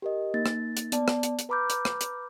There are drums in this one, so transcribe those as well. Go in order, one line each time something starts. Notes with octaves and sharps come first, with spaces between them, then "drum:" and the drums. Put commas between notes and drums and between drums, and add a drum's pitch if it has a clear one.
G4 A#4 D#5
A#3 D#4 A6
drum: rim click
drum: hi-hat
B3 D5 A5, drum: hi-hat
drum: rim click
drum: hi-hat
drum: hi-hat
B4 A#5 B5 D6 F6 G6
drum: hi-hat
drum: rim click
drum: hi-hat